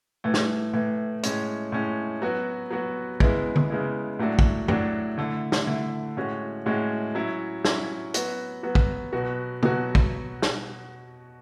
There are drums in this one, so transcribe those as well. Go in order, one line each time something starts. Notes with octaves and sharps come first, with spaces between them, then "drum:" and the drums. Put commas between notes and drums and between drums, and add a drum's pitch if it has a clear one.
A2 E3 A3
drum: snare
A2 E3 A3
A2 G#3 C#4, drum: hi-hat
A2 G#3 C#4
F#3 B3 F#4
F#3 B3 F#4
C#3 G#3 B3 E4, drum: kick
drum: tom D3
C#3 G#3 B3 E4
A2 F#3 A3 D4 F#4
drum: kick
A2 F#3 A3 D4 F#4, drum: tom F#2
D3 A3 E4
drum: snare
D3 A3 E4
A2 G#3 C#4 F#4
A2 G#3 C#4 F#4
F#3 C#4 E4
F#3 C#4 E4, drum: snare
F#3 B3 F#4, drum: hi-hat
F#3 B3 F#4
drum: kick
B2 F#3 B3 F#4
B2 F#3 B3 F#4, drum: tom
drum: kick
drum: snare